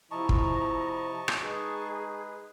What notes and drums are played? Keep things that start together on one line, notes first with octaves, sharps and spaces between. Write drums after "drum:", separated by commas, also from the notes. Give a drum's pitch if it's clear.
C3 F3 E4 D#5 A5 A#5 C#6
drum: kick
drum: rim click
G#3 D#4 G#4 B4